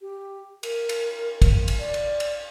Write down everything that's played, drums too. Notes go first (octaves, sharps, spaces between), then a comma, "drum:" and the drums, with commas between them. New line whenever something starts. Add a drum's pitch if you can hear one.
G4
A#4, drum: cymbal
drum: cymbal
drum: kick, cymbal
drum: cymbal
D5
drum: cymbal
drum: cymbal